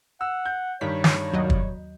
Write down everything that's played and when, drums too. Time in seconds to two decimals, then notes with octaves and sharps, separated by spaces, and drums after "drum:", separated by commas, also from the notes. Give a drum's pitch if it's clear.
0.21 F#5 E6
0.46 G6
0.81 G2 D#3 C#5 B6
1.04 drum: snare
1.33 D#2 F#3 D#5
1.50 drum: kick